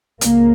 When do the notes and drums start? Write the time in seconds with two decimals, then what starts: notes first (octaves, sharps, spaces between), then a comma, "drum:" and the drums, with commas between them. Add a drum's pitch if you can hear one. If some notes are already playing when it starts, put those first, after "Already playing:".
0.21 C#2 C#3 A#3, drum: hi-hat